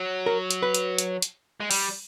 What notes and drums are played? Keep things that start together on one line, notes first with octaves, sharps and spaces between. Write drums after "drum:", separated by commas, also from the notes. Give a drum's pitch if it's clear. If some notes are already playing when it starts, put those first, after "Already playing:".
Already playing: F#3
A#4
drum: hi-hat
B4
drum: hi-hat
drum: hi-hat
drum: hi-hat
G#3
G3, drum: open hi-hat